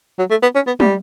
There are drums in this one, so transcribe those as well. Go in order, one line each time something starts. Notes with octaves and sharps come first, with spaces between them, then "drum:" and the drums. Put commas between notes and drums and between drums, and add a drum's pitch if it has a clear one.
F#3
A3
B3
C#4
B3
G3, drum: tom